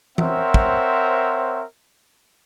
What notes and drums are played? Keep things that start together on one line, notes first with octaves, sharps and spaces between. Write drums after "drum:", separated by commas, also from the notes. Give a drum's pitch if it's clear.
C4 A#4 C5 C#5 E5 F#5, drum: tom E3
drum: kick